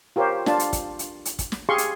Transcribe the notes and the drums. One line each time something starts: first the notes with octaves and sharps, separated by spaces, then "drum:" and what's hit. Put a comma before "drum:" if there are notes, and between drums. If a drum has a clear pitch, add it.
F4 G4 A#4 C5 C#5
D4 F4 A5, drum: snare
drum: hi-hat
drum: kick, hi-hat
drum: hi-hat
drum: hi-hat
drum: kick, hi-hat
drum: snare
G4 G#4 F5 C6 C#6
drum: hi-hat